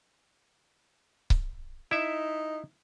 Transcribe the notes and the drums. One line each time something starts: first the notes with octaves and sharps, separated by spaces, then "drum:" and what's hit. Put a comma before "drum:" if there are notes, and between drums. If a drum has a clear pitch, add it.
drum: kick C#1
D#4 E4 E5